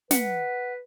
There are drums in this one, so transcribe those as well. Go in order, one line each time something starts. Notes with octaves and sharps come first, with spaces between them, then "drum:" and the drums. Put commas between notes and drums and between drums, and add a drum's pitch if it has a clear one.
B4 F#5, drum: snare